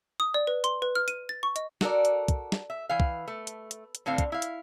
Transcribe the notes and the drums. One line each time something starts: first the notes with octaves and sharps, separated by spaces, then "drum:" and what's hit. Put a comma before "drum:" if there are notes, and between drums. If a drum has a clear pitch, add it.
D#6
D5
B4
C6, drum: hi-hat
B4
F6
D#7, drum: hi-hat
A6
C#6
D#5, drum: hi-hat
F#4 A4 A#4 D5, drum: snare
drum: hi-hat
drum: kick, hi-hat
drum: snare
E5
E3 F5
drum: kick
A3
drum: hi-hat
drum: hi-hat
drum: hi-hat
A2 D3 C4 F5
drum: kick, hi-hat
E4 F5
drum: hi-hat